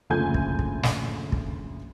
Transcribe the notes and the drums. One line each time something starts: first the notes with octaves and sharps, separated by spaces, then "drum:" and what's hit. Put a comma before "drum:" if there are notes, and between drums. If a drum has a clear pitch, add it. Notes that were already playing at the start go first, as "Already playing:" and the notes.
F#1 D2 F3 A4 G#5 G6
drum: kick
drum: kick
drum: snare
drum: kick